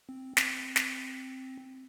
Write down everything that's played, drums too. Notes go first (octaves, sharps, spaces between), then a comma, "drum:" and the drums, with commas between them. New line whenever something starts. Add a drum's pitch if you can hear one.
C4
C4, drum: snare
drum: snare